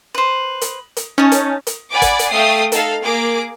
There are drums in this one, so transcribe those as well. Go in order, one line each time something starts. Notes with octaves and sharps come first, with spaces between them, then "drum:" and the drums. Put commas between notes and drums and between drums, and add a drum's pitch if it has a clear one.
B4 C5
drum: hi-hat
drum: hi-hat
C#4 D#4 A5
drum: hi-hat
drum: hi-hat
D5 F#5 G#5 B5 D6
drum: kick, hi-hat
drum: hi-hat
A3 F5 G5 D#6 C7
D#4 A4 F5, drum: hi-hat
A#3 G#4 D6